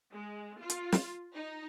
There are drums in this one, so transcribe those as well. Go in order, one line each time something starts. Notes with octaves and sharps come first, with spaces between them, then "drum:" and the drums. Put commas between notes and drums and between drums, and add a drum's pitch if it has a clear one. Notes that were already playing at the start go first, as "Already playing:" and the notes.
G#3
F4
drum: hi-hat
drum: snare
D#4